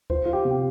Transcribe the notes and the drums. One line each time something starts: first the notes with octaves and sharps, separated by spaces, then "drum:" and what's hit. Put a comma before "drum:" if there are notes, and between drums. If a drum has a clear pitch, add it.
F4 C5, drum: kick D2
F4
G4
C3
G4